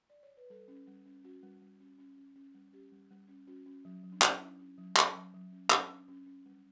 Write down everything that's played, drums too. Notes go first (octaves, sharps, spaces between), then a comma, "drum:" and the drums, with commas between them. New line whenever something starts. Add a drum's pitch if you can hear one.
D5
C#5
B4
G3 A4
C#4
G3
C#4
C#4 F#4
G3
G3
C#4
C#4
C#4
C#4
G3
C#4 G4
G3
G3
C#4
C#4 F#4
C#4
F#3
F#3
D4
C#4 E4, drum: clap
C#4
C#4
F#3
C#4, drum: clap
F#3
F#3
C#4
C#4 D4, drum: clap
C#4
C#4
C#4
G3